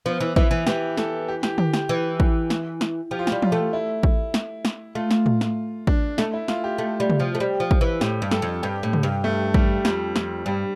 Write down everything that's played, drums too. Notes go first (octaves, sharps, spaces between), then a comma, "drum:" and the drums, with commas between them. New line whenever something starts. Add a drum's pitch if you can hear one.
F3 B3
E3
E3 E4, drum: kick
E3
E3 G4, drum: snare
A4, drum: snare
G4
G4, drum: snare
G4, drum: tom
G4, drum: snare
E3
drum: kick
drum: snare
drum: snare
F3 G4
F4
G4, drum: snare
G3
F4, drum: tom E3
A3
E4
drum: kick
drum: snare
drum: snare
A3 F4
drum: snare
drum: tom A2
drum: snare
D4, drum: kick
A3 E4, drum: snare
E4
F4, drum: snare
G4
A3
G3
drum: tom
F3
A3
G3
F3
drum: kick
E3
A2 G4, drum: snare
G2
A4, drum: snare
F2
G2 G4
A2
drum: tom
G2
A3
G3, drum: kick
F2 G3, drum: snare
F2, drum: snare
G2 G3